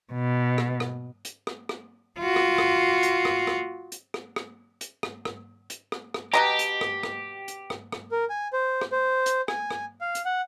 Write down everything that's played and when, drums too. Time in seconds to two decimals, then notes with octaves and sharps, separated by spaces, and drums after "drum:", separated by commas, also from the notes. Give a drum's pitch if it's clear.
0.13 B2
0.58 drum: rim click
0.80 drum: rim click
1.25 drum: hi-hat
1.47 drum: rim click
1.69 drum: rim click
2.19 F4 F#4
2.36 drum: rim click
2.58 drum: rim click
3.03 drum: hi-hat
3.25 drum: rim click
3.47 drum: rim click
3.92 drum: hi-hat
4.14 drum: rim click
4.36 drum: rim click
4.81 drum: hi-hat
5.03 drum: rim click
5.25 drum: rim click
5.70 drum: hi-hat
5.92 drum: rim click
6.14 drum: rim click
6.34 B2 G4 D#5 A#5
6.59 drum: hi-hat
6.81 drum: rim click
7.03 drum: rim click
7.48 drum: hi-hat
7.70 drum: rim click
7.92 drum: rim click
8.12 A#4
8.30 G#5
8.53 C5
8.81 drum: rim click
8.92 C5
9.26 drum: hi-hat
9.48 G#5, drum: rim click
9.70 drum: rim click
10.01 F5
10.15 drum: hi-hat
10.25 F#5